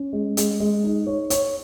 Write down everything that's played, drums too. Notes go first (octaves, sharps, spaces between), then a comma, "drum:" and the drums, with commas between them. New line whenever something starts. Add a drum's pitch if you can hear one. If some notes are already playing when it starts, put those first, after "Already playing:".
Already playing: C#4
G#3
G#3, drum: hi-hat
G#3
D#4
C#5
C#5, drum: hi-hat